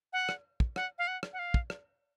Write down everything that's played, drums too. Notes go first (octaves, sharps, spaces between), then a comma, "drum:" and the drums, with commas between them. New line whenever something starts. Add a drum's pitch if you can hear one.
F#5
drum: rim click
drum: kick
F#5, drum: rim click
F5
F#5
drum: rim click
F#5
F5
drum: kick
drum: rim click